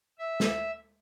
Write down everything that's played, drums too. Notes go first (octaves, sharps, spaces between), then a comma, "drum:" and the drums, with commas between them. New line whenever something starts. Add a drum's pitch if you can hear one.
E5
drum: snare